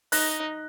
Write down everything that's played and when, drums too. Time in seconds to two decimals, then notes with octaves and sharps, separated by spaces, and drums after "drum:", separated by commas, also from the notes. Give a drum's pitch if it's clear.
0.12 D#4 F#6 A#6, drum: open hi-hat